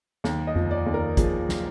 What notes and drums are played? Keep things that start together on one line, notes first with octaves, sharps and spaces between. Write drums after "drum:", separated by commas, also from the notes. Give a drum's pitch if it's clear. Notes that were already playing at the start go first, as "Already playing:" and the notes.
D#2, drum: snare
D#5
F3, drum: tom F2
D5
D#2
A#4
F3 G#4, drum: kick, hi-hat
drum: snare